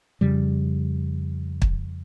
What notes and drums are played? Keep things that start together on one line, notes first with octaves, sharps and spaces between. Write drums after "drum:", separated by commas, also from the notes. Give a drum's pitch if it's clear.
F2 C#3 G3
drum: kick